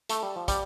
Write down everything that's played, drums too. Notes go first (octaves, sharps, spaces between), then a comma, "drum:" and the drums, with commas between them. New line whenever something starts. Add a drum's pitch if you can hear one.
A3, drum: hi-hat
G3
F3
G3, drum: kick, hi-hat